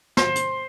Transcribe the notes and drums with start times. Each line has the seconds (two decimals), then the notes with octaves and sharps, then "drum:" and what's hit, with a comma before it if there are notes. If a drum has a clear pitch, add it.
0.17 C5, drum: snare
0.35 drum: hi-hat